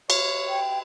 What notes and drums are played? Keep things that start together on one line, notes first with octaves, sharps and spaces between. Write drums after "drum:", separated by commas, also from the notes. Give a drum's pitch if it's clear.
C#5, drum: cymbal
G5